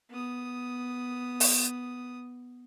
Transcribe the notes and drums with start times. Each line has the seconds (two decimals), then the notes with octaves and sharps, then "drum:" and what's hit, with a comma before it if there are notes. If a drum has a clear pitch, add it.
0.10 B3 D#6
1.40 drum: open hi-hat